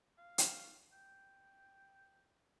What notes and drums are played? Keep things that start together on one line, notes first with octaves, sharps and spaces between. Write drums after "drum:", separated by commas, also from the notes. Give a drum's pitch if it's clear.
F5
drum: hi-hat
G5